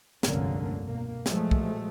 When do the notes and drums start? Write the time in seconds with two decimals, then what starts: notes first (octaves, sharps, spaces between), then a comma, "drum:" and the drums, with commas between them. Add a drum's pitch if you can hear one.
0.23 F1 C#2 G2 D3 A#3 C#4, drum: snare
0.85 B2 A#3
1.26 A#2 F3 F#3 G#3 A3, drum: snare
1.51 drum: kick